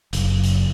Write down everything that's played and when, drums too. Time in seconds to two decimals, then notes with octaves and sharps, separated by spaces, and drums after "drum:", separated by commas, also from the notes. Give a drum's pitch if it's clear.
0.13 F#1, drum: hi-hat
0.43 drum: hi-hat